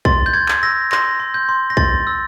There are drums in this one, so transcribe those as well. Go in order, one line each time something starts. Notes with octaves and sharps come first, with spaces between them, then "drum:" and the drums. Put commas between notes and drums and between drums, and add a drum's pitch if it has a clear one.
C6 A6, drum: kick B1
G6
C6 G#6
drum: clap
E6 A#6
C6 A#6, drum: clap
C6
G6
C6
A#6
C6 A6, drum: kick B1
E6